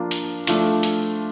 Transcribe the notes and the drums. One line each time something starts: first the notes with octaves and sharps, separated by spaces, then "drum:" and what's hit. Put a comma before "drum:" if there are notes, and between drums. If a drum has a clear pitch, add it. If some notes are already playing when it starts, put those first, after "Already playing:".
Already playing: F3 A#3 D4 F4
drum: hi-hat
F3 A3 D4 F4, drum: hi-hat
drum: hi-hat